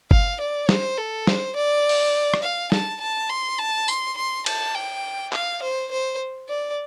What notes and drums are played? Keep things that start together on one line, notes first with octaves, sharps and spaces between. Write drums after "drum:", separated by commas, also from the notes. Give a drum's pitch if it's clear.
F5, drum: kick G1
D5
C5, drum: snare
A4
C5, drum: snare
D5
drum: open hi-hat
drum: rim click
F5
A5, drum: snare
A5
C6
A5
C6, drum: tambourine
C6
A5, drum: cymbal
G5
F5, drum: clap
C5
C5
D5